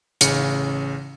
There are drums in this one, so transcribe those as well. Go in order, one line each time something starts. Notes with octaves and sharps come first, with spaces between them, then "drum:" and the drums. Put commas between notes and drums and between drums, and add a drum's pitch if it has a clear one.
A1 C#3 C#7, drum: hi-hat